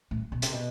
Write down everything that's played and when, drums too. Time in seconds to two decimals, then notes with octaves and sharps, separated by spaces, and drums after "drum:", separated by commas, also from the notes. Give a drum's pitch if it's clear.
0.11 A2
0.32 B2
0.42 C3, drum: hi-hat
0.52 B2